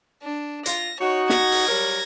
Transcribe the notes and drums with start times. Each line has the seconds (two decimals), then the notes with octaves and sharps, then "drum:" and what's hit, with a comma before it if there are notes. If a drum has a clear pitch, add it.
0.23 D4
0.66 F4 A#6, drum: hi-hat
1.00 D#4 F#4 C#5
1.30 G#6 A#6, drum: snare
1.52 drum: open hi-hat
1.68 F#3 G3 A#4